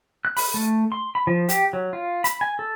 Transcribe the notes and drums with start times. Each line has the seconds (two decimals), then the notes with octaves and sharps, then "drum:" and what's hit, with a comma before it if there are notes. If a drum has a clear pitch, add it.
0.25 F#6
0.37 B5, drum: open hi-hat
0.54 A3
0.92 C6
1.15 B5
1.27 F3
1.49 G4, drum: hi-hat
1.73 F#3
1.93 F4
2.24 B5, drum: hi-hat
2.41 G#5
2.59 A4